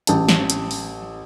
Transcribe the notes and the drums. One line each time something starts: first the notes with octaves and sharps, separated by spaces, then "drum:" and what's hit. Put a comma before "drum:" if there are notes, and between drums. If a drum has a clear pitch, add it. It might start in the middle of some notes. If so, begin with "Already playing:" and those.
A1 A5, drum: hi-hat
drum: snare
drum: hi-hat
drum: open hi-hat